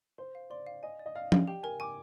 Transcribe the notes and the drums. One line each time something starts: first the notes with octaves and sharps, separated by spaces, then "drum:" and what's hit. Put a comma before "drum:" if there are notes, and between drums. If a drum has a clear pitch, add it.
C5 C6
F5
D5 C6
F5
D#5 G#5
D5
D#5
D5 F5
D5, drum: tom
G4 G5
A#4 G#5
G#5 D6